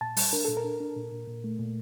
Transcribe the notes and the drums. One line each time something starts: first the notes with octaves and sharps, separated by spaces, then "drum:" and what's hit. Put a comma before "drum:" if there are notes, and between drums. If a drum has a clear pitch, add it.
A#2 A5
G3, drum: open hi-hat
D4 A#4
A#2 A4
A#4
D4
D4
A#2
A#2
A#2
A3
A#2